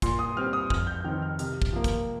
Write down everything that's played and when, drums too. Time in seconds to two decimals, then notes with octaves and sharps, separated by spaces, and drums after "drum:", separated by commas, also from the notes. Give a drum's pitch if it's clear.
0.02 A#2 C6, drum: kick, hi-hat
0.19 D#6
0.36 G3 C4 F6
0.53 D#6
0.70 F2 F6, drum: kick
0.87 G6
1.00 G6
1.04 D#3 C4 F6
1.22 F6
1.39 C3 F6, drum: hi-hat
1.62 drum: kick
1.73 F3 A#3
1.84 drum: kick, hi-hat